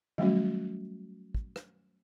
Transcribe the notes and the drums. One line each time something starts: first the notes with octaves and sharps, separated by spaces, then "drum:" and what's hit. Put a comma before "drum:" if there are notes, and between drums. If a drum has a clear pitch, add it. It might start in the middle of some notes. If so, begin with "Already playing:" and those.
F#3 G3 A3 C#4 F#4, drum: tom D#3
drum: kick
drum: rim click